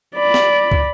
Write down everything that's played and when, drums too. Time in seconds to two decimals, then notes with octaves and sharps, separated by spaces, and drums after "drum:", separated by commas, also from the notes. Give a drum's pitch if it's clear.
0.15 D5 B5
0.34 drum: snare
0.72 drum: kick